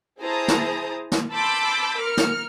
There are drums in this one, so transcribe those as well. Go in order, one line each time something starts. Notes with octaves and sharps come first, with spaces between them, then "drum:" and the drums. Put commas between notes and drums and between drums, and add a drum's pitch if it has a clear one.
E4 G#4 C5 A5 A#5 D#6
drum: snare
drum: snare
A5 B5 C6 D6 E6 G6
A#4 F6 C#7
drum: snare